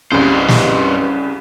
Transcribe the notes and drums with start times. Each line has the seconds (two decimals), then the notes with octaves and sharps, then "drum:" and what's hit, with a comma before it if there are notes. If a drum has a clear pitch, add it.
0.12 C2 G2 C#3 C5
0.48 drum: snare